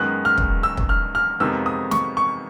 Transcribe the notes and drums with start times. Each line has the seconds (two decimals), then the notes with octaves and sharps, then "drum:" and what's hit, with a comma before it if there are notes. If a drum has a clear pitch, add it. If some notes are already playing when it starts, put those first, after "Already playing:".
Already playing: F#2 D#3 G#3 B3 F#6
0.25 F6
0.38 drum: kick
0.63 E6
0.77 drum: kick
0.89 F6
1.15 F6
1.40 F2 C3 D#3 G#3 B3 E6
1.66 D#6
1.91 C#6, drum: snare
2.17 C#6